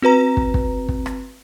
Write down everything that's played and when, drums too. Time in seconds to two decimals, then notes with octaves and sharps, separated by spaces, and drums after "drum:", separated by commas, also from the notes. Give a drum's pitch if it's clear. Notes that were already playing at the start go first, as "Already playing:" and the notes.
0.02 C4 F#4 B4 A#5
0.37 drum: kick
0.54 drum: kick
0.89 drum: kick
1.06 drum: rim click